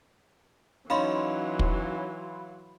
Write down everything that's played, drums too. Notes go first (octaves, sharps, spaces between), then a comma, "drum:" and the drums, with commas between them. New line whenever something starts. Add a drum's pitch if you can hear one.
E3 F#3 C#4 D#4 F5 B5 C6
drum: kick